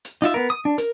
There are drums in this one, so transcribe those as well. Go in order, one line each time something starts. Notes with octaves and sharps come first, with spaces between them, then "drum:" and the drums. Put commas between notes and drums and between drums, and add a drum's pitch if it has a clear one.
drum: hi-hat
D#4 F4 E5
B3 A#4
D#6
D4
A#4, drum: hi-hat